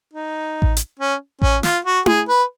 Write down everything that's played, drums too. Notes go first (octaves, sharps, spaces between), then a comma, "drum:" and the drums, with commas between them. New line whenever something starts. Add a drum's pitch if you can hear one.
D#4
drum: kick A1
drum: hi-hat
C#4
C#4, drum: kick A1
F4, drum: snare
F#4
G#4, drum: tom E4
B4